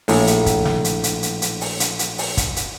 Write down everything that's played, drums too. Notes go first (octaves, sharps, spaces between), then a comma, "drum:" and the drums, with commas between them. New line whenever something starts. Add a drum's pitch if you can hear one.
A#1 A2, drum: open hi-hat
drum: hi-hat
drum: kick, hi-hat
drum: snare
drum: hi-hat
drum: hi-hat
drum: hi-hat
drum: hi-hat
drum: open hi-hat
drum: hi-hat
drum: hi-hat
drum: open hi-hat
drum: kick, hi-hat
drum: hi-hat